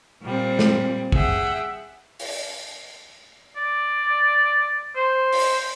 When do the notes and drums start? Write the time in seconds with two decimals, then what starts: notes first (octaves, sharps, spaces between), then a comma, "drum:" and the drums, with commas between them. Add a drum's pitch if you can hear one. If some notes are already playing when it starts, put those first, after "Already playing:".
0.22 A#2 G3 C4
0.59 drum: snare
1.12 G#4 E5 F#5 G5, drum: kick
2.19 drum: open hi-hat
3.56 D5
4.96 C5
5.32 drum: open hi-hat